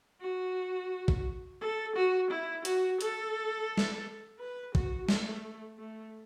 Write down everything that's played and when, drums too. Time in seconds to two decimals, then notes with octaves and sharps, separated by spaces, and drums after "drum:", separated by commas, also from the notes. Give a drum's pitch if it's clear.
0.21 F#4
1.08 drum: kick
1.61 A4
1.95 F#4
2.31 E4
2.65 F#4, drum: hi-hat
3.01 A4, drum: hi-hat
3.78 drum: snare
4.39 B4
4.75 F#4, drum: kick
5.09 A3, drum: snare
5.79 A3